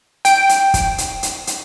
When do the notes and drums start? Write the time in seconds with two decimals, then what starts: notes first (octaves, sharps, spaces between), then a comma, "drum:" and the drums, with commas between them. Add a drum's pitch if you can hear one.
0.25 G5 D7, drum: hi-hat
0.49 drum: hi-hat
0.74 drum: kick, hi-hat
0.98 drum: hi-hat
1.23 drum: hi-hat
1.47 drum: hi-hat